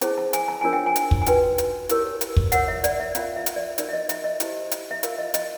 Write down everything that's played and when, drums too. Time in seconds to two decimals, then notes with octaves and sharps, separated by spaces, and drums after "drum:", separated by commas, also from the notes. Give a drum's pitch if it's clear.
0.01 C#4 E4 G#4 C5 A5, drum: hi-hat
0.18 A5
0.33 G#5, drum: hi-hat
0.48 A5
0.61 D4 F4 A#4 C#5 G#5
0.73 G5
0.86 G#5
0.96 drum: hi-hat
1.11 drum: kick
1.22 G#5
1.26 D#4 F#4 B4 G5, drum: hi-hat
1.58 drum: hi-hat
1.89 E4 G4 A#4 C#5, drum: hi-hat
2.21 drum: hi-hat
2.37 drum: kick
2.52 F4 A#4 C#5 F#5, drum: hi-hat
2.68 E5
2.84 D5, drum: hi-hat
3.00 E5
3.15 C#4 F4 A#4 F5, drum: hi-hat
3.36 E5
3.46 drum: hi-hat
3.56 D5
3.78 D#4 F#4 A#4 C#5 D5, drum: hi-hat
3.89 E5
3.93 D#5
4.09 E5, drum: hi-hat
4.24 D#5
4.40 E4 G4 C5, drum: hi-hat
4.71 drum: hi-hat
4.91 E5
5.03 F4 A#4 C#5 F5, drum: hi-hat
5.18 D#5
5.34 D#5, drum: hi-hat